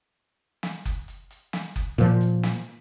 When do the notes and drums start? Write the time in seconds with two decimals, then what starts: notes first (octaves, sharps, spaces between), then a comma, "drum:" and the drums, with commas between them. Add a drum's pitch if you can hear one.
0.63 drum: snare
0.85 drum: kick F#1, hi-hat
1.08 drum: hi-hat
1.31 drum: hi-hat
1.53 drum: snare
1.76 drum: kick F#1
1.98 A#2 F3, drum: hi-hat
2.21 drum: hi-hat
2.43 drum: snare